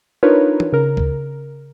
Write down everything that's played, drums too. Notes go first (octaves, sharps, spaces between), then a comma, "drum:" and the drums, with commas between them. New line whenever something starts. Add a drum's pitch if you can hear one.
D4 D#4 F4 A#4 B4 C#5
drum: tom
C#3 A#4
drum: kick C#2